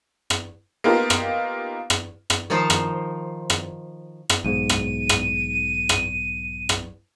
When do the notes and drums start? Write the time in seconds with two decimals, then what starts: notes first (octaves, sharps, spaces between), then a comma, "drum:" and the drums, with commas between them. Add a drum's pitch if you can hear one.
0.30 drum: rim click
0.84 A#3 B3 D#4 F4 G4 A#4
1.10 drum: rim click
1.90 drum: rim click
2.30 drum: rim click
2.50 D#3 F3 D#4 F4 C5
2.70 drum: rim click
3.50 drum: rim click
4.30 drum: rim click
4.44 B1 G#2 D#7
4.69 drum: rim click
5.09 drum: rim click
5.89 drum: rim click
6.69 drum: rim click